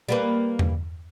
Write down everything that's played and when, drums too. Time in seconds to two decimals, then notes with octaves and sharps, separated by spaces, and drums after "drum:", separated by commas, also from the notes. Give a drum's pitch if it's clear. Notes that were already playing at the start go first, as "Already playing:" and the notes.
0.09 G3 A#3 B4
0.59 drum: tom E2